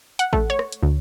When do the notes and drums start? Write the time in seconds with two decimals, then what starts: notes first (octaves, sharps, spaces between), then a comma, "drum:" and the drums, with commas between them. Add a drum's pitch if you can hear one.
0.19 F#5, drum: hi-hat
0.33 A3, drum: kick A1
0.50 C#5
0.59 drum: rim click
0.72 drum: hi-hat
0.83 D2